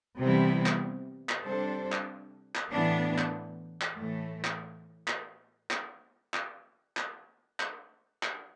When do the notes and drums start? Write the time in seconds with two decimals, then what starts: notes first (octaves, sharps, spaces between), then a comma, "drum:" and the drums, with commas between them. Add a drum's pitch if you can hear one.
0.18 C3 E3 G3 B3 E4
0.66 drum: clap
1.29 drum: clap
1.45 C3 G3 D4 A4 C5
1.92 drum: clap
2.55 drum: clap
2.71 A2 E3 B3 D4
3.18 drum: clap
3.82 drum: clap
3.97 A2 E3 A3
4.45 drum: clap
5.08 drum: clap
5.71 drum: clap
6.34 drum: clap
6.97 drum: clap
7.60 drum: clap
8.23 drum: clap